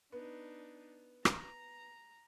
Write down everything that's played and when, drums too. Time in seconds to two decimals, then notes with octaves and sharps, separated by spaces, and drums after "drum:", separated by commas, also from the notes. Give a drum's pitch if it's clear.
0.12 B3 D4 D#4
1.25 A#5, drum: rim click